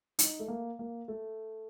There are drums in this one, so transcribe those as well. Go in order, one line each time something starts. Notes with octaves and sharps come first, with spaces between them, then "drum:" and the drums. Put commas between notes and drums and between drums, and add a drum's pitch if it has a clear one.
D#4, drum: hi-hat
A3
A#3
A#3
A3